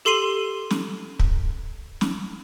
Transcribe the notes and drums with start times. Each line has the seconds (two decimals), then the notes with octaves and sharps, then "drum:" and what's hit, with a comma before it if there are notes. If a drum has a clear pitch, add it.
0.05 G4 A4 C6 C7 D#7 F#7
0.71 drum: snare
1.19 drum: kick
2.01 drum: snare